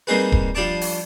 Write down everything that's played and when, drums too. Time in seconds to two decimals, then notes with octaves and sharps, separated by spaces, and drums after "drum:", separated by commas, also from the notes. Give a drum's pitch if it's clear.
0.07 G3 A#3 C4 D#4 G#4 B4
0.32 drum: kick D#1
0.55 F3 G3 D4 D5 A5 D6
0.81 drum: open hi-hat